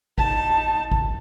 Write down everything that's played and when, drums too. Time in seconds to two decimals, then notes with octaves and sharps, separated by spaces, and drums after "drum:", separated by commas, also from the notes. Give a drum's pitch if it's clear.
0.18 D#4 A5, drum: kick G#1
0.92 drum: kick G#1